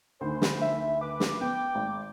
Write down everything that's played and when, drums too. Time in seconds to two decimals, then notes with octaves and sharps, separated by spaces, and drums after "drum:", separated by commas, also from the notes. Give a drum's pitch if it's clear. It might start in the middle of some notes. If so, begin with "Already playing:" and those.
0.21 D2 D#3 C5
0.42 drum: snare
0.61 E5
1.01 B4 D6
1.20 drum: snare
1.41 B3 G5
1.75 G#1